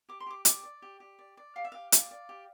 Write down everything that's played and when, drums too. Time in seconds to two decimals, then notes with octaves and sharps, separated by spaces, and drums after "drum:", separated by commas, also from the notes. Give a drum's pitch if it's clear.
0.09 G4 D6
0.20 C6
0.26 G4 D6
0.45 D5 D6, drum: hi-hat
0.63 D5
0.82 G4
1.00 G4
1.19 D5
1.37 D5
1.56 G4 F5
1.65 E5
1.72 G4 F5
1.92 D5 F5, drum: hi-hat
2.11 D5
2.29 G4